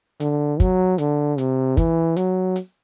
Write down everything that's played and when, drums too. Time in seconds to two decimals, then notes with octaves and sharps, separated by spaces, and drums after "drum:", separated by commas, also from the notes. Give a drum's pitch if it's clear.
0.20 D3, drum: hi-hat
0.60 F#3, drum: kick, hi-hat
0.98 D3, drum: hi-hat
1.38 C3, drum: hi-hat
1.77 E3, drum: kick, hi-hat
2.17 F#3, drum: hi-hat
2.56 drum: hi-hat